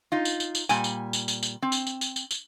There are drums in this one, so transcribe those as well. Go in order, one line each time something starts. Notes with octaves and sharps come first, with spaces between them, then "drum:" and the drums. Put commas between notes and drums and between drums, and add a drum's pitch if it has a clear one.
D#4 F4
drum: tambourine
drum: tambourine
drum: tambourine
A#2 G3 G#5, drum: tambourine
drum: tambourine
drum: tambourine
drum: tambourine
drum: tambourine
C4
drum: tambourine
drum: tambourine
drum: tambourine
drum: tambourine
drum: tambourine